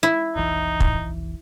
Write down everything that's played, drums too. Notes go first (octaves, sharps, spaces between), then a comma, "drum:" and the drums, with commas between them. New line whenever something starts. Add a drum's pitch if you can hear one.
E4
F1 B1 E3 D#4
drum: kick